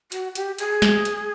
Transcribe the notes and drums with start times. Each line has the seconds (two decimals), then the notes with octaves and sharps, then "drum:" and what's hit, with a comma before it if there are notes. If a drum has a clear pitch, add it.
0.12 F#4, drum: hi-hat
0.35 G4, drum: hi-hat
0.58 G#4, drum: hi-hat
0.82 drum: snare
1.05 drum: hi-hat